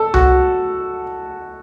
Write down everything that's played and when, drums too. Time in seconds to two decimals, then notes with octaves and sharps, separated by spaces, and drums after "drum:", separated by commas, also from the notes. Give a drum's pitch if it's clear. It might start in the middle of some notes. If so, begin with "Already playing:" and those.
Already playing: A4
0.14 F#4, drum: tom C2